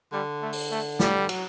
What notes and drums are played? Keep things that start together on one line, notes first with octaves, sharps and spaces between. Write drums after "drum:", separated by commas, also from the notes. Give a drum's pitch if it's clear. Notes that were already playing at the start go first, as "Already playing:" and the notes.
D3 G3
A3
drum: open hi-hat
A3
G3, drum: snare
F#3, drum: cymbal